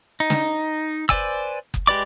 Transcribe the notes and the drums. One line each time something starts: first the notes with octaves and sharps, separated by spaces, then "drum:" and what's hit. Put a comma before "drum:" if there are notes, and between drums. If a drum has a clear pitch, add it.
D#4
drum: snare
B4 C5 D5 G#5 E6, drum: kick F#1
drum: kick F#1
G#3 G4 B4 D5 D6